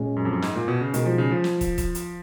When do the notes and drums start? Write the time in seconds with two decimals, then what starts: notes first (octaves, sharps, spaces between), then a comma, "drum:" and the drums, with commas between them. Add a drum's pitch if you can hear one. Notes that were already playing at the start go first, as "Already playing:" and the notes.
Already playing: A#2 G#3 C#4 G#4
0.16 F#2
0.25 F2
0.33 F#2
0.42 G#2, drum: snare
0.55 A#2
0.68 B2
0.81 C#3
0.94 B2 D#3 G#3 D#4 G#4, drum: hi-hat
1.05 F3
1.18 C#3
1.31 F3
1.44 drum: snare
1.61 drum: kick, hi-hat
1.78 drum: kick, hi-hat
1.95 drum: hi-hat